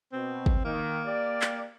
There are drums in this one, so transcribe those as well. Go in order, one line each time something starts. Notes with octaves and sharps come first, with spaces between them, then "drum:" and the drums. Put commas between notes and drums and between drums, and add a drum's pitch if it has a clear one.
B2 C4
drum: kick
D#3 A#3
G4 D5
drum: clap